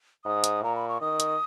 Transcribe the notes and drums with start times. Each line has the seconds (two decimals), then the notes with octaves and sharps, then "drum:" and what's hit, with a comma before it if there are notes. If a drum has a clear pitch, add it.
0.25 G#2 D#6
0.44 drum: hi-hat
0.62 A#2 A#5
0.76 B5
0.88 C#6
1.01 D#3 D#6
1.20 drum: hi-hat